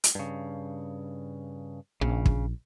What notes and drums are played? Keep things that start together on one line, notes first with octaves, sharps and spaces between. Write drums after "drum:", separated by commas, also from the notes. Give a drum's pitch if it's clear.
drum: hi-hat
G2 C#3
A#1 C#3
drum: kick